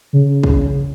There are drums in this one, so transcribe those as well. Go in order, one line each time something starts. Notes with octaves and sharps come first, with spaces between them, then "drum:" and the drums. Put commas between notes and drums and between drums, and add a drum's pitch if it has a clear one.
C#3
drum: kick